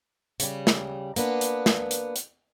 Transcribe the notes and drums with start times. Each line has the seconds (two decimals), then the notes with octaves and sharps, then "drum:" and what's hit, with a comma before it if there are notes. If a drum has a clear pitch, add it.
0.40 C#3 G3, drum: hi-hat
0.67 drum: snare
1.16 A#3 B3 D4 B4, drum: hi-hat
1.41 drum: hi-hat
1.66 drum: snare
1.91 drum: hi-hat
2.16 drum: hi-hat